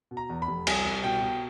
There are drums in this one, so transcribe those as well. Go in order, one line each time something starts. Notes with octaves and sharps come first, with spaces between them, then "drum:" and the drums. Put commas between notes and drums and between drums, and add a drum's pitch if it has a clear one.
B2
A#5
E2
B5
F1
C2 G#5, drum: cymbal
C2
B2 G5
B2